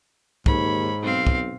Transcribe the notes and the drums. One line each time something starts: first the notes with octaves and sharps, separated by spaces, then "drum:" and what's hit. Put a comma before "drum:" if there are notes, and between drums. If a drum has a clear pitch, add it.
D#2 G#2 C#5 B5, drum: kick
B1 C4 F5
drum: kick